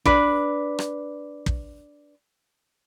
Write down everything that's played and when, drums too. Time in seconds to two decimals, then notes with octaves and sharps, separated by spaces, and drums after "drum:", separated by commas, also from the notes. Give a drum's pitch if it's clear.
0.05 D4 B4, drum: kick
0.79 drum: rim click
1.46 drum: kick